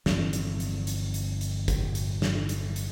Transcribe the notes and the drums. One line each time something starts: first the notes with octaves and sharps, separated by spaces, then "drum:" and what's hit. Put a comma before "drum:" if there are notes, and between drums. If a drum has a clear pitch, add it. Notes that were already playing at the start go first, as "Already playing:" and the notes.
G1 E3 F3 C4, drum: snare
drum: hi-hat
drum: hi-hat
drum: hi-hat
drum: hi-hat
drum: hi-hat
drum: kick, hi-hat
drum: hi-hat
drum: snare
drum: hi-hat
drum: hi-hat